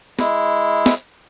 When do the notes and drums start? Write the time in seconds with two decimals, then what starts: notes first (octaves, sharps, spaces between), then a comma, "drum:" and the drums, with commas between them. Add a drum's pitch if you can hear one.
0.19 G#3 E4, drum: snare
0.86 drum: snare